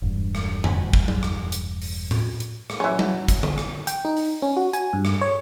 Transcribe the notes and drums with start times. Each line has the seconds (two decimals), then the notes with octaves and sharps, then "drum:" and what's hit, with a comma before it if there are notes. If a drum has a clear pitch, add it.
0.02 E1 G2
0.35 drum: rim click
0.64 drum: tom F2
0.93 drum: kick
1.08 drum: tom F#3
1.23 drum: rim click
1.52 drum: hi-hat
1.82 drum: open hi-hat
2.11 drum: tom A2
2.40 drum: hi-hat
2.70 drum: rim click
2.80 E3 F#3 C#4
2.99 drum: tom F#3
3.28 drum: kick, hi-hat
3.43 drum: tom D3
3.58 drum: rim click
3.87 G5, drum: hi-hat
4.05 D#4
4.17 drum: open hi-hat
4.42 C#4
4.57 F#4
4.73 G#5, drum: hi-hat
4.93 G2
5.05 drum: rim click
5.21 C#5